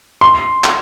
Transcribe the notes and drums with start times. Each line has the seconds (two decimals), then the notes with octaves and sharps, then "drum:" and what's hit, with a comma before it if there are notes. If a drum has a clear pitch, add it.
0.21 C6
0.64 drum: clap